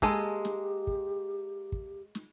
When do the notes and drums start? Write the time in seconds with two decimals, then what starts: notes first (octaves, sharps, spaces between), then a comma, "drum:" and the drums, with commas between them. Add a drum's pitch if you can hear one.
0.02 G#3 A#3 G4 A4 G#5, drum: kick
0.45 drum: snare
0.87 drum: kick
1.72 drum: kick
2.15 drum: snare